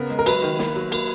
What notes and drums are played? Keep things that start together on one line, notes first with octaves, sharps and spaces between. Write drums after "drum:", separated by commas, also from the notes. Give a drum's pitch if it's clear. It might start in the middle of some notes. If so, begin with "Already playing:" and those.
Already playing: C#3 B3 A#4
G#3
A#4
F#3 B4, drum: cymbal
D#3
A#3, drum: snare
F#3
A#3, drum: cymbal